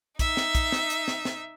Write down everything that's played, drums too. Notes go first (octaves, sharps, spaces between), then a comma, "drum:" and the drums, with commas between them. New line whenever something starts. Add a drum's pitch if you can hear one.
D#4 E5, drum: kick, hi-hat
drum: snare
drum: kick, hi-hat
drum: snare
drum: hi-hat
drum: snare
drum: snare